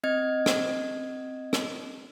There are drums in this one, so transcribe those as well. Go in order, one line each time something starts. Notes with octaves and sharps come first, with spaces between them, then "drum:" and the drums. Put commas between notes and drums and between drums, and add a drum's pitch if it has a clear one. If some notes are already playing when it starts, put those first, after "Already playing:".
C4 D#5 G#6
drum: rim click
drum: rim click